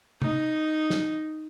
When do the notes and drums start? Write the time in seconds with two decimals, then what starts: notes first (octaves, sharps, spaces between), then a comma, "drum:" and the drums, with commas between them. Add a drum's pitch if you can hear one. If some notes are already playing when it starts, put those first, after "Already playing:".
0.22 D#4, drum: tom
0.90 drum: snare